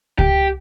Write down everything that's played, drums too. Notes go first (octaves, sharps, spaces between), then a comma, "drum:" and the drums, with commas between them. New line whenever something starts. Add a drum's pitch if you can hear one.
G4, drum: kick C#2